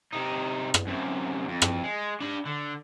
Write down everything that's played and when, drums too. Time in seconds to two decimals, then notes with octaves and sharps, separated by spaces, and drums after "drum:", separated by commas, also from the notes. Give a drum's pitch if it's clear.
0.13 C3 D#4
0.74 drum: rim click
0.87 F#2 C3
1.48 F2
1.62 drum: rim click
1.84 G#3
2.21 D4 B5
2.45 D3